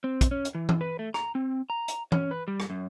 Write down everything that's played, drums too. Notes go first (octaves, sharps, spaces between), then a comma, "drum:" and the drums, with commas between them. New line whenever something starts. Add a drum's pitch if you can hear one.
C4
drum: kick, hi-hat
C#4
drum: hi-hat
E3
drum: tom E3
B4
A3
A#5, drum: rim click
C4
A#5
drum: hi-hat
C#4, drum: tom E3
B4
G3
drum: rim click
F#2